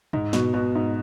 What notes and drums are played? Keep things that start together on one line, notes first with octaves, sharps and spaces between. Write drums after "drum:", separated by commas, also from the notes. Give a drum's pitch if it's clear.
G#2, drum: tom
B2, drum: snare
B2
G#2